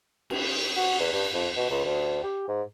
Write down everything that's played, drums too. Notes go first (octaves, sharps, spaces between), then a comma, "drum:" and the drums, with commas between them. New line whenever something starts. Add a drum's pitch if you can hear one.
drum: cymbal
F#4
E2
G2
F2
B2
C#2
D2
G4
G#2